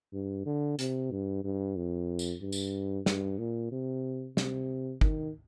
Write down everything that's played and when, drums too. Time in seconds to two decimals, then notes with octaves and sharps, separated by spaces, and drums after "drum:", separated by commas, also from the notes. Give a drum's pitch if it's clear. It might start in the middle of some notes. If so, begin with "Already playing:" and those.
0.13 G2
0.46 D3
0.79 C3, drum: hi-hat
1.11 G2
1.44 G2
1.76 F2
2.19 drum: tambourine
2.41 G2
2.52 drum: tambourine
3.06 G2, drum: snare
3.39 A#2
3.72 C3
4.37 C3, drum: snare
5.01 D#3, drum: kick